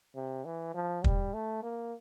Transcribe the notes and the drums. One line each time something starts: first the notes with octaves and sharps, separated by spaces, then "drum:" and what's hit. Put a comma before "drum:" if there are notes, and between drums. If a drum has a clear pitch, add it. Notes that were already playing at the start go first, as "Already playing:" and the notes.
C3
E3
F3
G3, drum: kick
A3
A#3